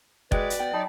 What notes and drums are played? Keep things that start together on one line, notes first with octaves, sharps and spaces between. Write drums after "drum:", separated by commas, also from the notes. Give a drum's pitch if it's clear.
G#3 F#4 B4 D5 G5, drum: kick
drum: hi-hat
B3 G5
F#3 D#4 A5 B5